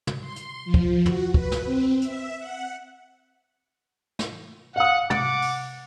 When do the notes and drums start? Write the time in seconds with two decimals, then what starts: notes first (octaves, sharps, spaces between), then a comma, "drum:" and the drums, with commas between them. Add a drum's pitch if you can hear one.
0.07 drum: tom
0.21 C6
0.36 drum: hi-hat
0.65 F3
0.74 drum: kick
1.06 F#4, drum: tom
1.34 B4, drum: kick
1.52 drum: snare
1.65 C4
2.01 E5, drum: hi-hat
2.39 F#5
4.19 drum: snare
4.76 F5 F#5 D#6
5.10 F#5 D6 A6, drum: tom
5.42 drum: open hi-hat